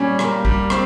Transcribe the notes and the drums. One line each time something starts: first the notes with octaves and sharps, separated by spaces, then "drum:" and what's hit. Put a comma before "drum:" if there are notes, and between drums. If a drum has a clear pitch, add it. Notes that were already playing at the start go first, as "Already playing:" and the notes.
Already playing: A#2 G3 C#4
A#3, drum: rim click
G3, drum: kick
C4, drum: rim click